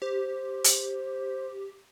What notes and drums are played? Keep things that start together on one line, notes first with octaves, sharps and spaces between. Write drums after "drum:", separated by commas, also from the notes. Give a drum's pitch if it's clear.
G4 C5
drum: hi-hat